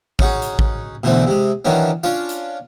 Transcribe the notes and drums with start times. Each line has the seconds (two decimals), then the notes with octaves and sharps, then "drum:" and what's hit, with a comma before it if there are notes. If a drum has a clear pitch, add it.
0.19 C#4 D#4 F#4 G#4, drum: kick A1
0.42 drum: hi-hat
0.59 drum: kick A1
1.04 B2 D3 E3 A3 C4
1.27 C3 G#3
1.65 D#3 E3 F#3 C#4 D4
2.03 C#4 D4 F4, drum: tambourine
2.29 drum: hi-hat